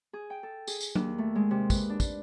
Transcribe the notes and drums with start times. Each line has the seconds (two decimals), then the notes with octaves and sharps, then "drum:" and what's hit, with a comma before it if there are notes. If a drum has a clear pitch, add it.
0.13 G#4
0.30 G5
0.43 A4
0.67 G#4, drum: tambourine
0.81 drum: tambourine
0.95 D#2, drum: tom F#3
1.18 A3
1.35 G#3
1.51 C3
1.70 B4, drum: kick, tambourine
1.89 D4
2.00 drum: kick, tambourine